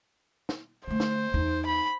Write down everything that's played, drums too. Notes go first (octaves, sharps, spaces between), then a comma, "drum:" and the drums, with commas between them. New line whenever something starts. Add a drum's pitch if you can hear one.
drum: snare
D3 A3 C5
drum: snare
E2 D#4, drum: kick
B5